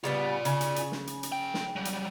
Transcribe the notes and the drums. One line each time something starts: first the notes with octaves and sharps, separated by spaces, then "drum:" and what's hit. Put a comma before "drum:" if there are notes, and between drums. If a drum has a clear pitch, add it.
C#3 G3 B3 F4 D5
C#3, drum: hi-hat
drum: hi-hat
drum: hi-hat
drum: snare
drum: hi-hat
drum: hi-hat
C#4 G5
drum: snare
F#3 G3
drum: hi-hat